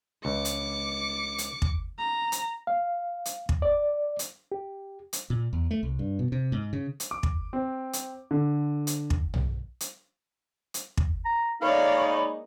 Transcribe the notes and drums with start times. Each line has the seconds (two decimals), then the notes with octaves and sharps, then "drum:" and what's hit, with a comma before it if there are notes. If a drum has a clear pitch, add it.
0.25 C#2 D6 C#7
0.45 drum: hi-hat
1.38 drum: hi-hat
1.62 drum: kick
1.99 A#5
2.32 drum: hi-hat
2.67 F5
3.25 drum: hi-hat
3.49 drum: kick
3.62 D5
4.19 drum: hi-hat
4.52 G4
5.13 drum: hi-hat
5.30 A#2
5.53 E2
5.71 A3
5.83 C2
5.99 G2
6.19 B2
6.32 C3
6.52 G#2
6.73 C#3
7.00 drum: hi-hat
7.11 D6
7.23 drum: kick
7.53 C4
7.93 drum: hi-hat
8.31 D3
8.87 drum: hi-hat
9.10 drum: kick
9.34 drum: tom B1
9.80 drum: hi-hat
10.74 drum: hi-hat
10.97 drum: kick
11.25 A#5
11.62 G#3 A#3 D#4 C#5 D5 F5 B5